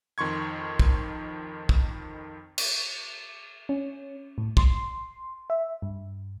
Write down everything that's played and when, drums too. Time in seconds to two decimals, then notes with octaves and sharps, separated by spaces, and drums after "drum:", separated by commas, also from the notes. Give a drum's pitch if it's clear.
0.18 F2 D#3 C6 C#6 G#6
0.80 drum: kick
1.69 drum: kick
2.58 drum: cymbal
3.69 C#4
4.38 A2
4.57 C6, drum: kick
5.50 E5
5.82 G2